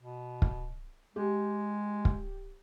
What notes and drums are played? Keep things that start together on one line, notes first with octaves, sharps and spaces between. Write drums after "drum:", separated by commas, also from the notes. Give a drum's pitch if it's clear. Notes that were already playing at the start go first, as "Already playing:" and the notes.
B2
drum: kick
G#3 G4
drum: kick